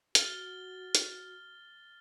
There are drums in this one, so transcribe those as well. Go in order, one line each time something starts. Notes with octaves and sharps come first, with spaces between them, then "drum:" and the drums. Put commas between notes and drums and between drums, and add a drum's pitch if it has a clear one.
F#4 F6 A6 G7, drum: hi-hat
drum: hi-hat